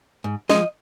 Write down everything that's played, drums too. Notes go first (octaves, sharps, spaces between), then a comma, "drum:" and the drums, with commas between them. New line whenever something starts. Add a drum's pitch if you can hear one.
G#2
F3 G#3 D#5, drum: snare